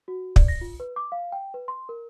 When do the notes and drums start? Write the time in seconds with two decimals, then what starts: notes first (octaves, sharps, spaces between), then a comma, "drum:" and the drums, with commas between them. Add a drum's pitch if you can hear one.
0.08 F#4
0.36 D5, drum: kick
0.48 A#6
0.61 F4
0.80 B4
0.96 D6
1.12 F5
1.32 G5
1.54 B4
1.68 C6
1.89 A#4